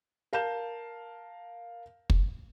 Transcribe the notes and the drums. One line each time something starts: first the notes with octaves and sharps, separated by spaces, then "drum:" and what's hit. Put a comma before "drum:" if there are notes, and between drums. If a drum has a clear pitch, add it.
A#4 F5 A5 G6 E7
drum: kick